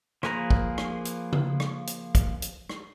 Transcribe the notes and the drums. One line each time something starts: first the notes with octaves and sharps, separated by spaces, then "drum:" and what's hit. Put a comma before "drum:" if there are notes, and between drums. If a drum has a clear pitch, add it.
F3 A#3 G#4 B4 A#5, drum: rim click
drum: kick
drum: rim click
drum: hi-hat
drum: tom C#3
drum: rim click
drum: hi-hat
drum: kick, hi-hat
drum: hi-hat
drum: rim click